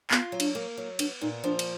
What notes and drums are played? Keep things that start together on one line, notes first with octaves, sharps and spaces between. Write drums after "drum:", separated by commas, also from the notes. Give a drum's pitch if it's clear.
B3 F4, drum: clap
F#3
D4, drum: cymbal
A#3
F#3
B3 D4, drum: cymbal
A#2 D#4
F3 D4
drum: cymbal